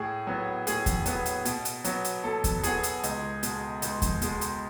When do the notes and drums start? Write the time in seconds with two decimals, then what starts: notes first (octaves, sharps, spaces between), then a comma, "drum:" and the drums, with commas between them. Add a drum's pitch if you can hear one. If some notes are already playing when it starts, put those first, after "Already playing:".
Already playing: A2 G#4
0.27 F#3 B3
0.67 A2 G#4, drum: hi-hat
0.86 drum: kick E2, hi-hat
1.06 F#3 B3, drum: hi-hat
1.26 drum: hi-hat
1.45 B2, drum: hi-hat
1.65 drum: hi-hat
1.84 F#3 B3, drum: hi-hat
2.04 drum: hi-hat
2.24 B2 A4
2.44 drum: kick E2, hi-hat
2.63 F#3 B3 G#4, drum: hi-hat
2.83 drum: hi-hat
3.03 C#2, drum: hi-hat
3.43 B2 G#3, drum: hi-hat
3.82 C#2, drum: hi-hat
4.02 drum: kick E2, hi-hat
4.22 B2 G#3, drum: hi-hat
4.41 drum: hi-hat